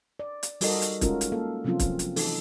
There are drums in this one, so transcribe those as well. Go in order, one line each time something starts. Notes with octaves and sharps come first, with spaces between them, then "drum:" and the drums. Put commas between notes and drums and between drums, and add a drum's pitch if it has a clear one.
D5
drum: hi-hat
G3 D#4 F#4 A4 A#4 D#5, drum: open hi-hat
drum: hi-hat
G#3 C#4 D#4 F4 F#4 A#4, drum: kick C#1, hi-hat
drum: hi-hat
A#3 A4 F5
C3 F3 F#3 C4 C#4 F4
drum: kick C#1, hi-hat
drum: hi-hat
E3 D#4 A4, drum: open hi-hat